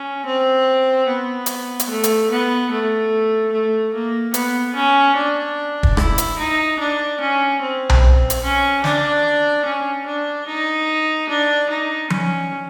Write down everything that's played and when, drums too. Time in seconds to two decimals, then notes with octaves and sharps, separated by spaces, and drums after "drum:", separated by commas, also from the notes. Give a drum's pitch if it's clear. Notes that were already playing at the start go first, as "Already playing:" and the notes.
Already playing: C#4
0.26 C4
1.08 B3
1.46 drum: hi-hat
1.79 drum: hi-hat
1.90 A3
2.04 drum: hi-hat
2.30 B3
2.71 A3
3.52 A3
3.94 A#3
4.34 B3, drum: hi-hat
4.75 C#4
5.16 D4
5.83 drum: kick
5.97 E4, drum: rim click
6.18 drum: hi-hat
6.39 D#4
6.79 D4
7.21 C#4
7.61 C4
7.89 drum: tom B1
8.30 drum: hi-hat
8.43 C#4
8.84 D4, drum: snare
9.65 C#4
10.06 D4
10.47 D#4
11.29 D4
11.69 D#4
12.10 C#4, drum: tom F3